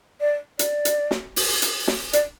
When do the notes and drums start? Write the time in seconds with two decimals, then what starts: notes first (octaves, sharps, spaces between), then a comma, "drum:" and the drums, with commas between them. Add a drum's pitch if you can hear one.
0.21 D5
0.59 D5, drum: hi-hat
0.85 drum: hi-hat
1.11 drum: snare
1.36 drum: open hi-hat
1.62 drum: hi-hat
1.88 drum: snare
2.13 D5, drum: hi-hat